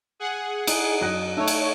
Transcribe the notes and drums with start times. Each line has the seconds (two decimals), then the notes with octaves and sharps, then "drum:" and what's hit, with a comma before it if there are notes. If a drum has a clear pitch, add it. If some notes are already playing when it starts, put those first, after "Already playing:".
0.20 G#4 F#5
0.67 D#4 E4, drum: cymbal
1.01 F#2 D#5 F#6 A#6
1.37 A3 D#4 C#5
1.48 drum: cymbal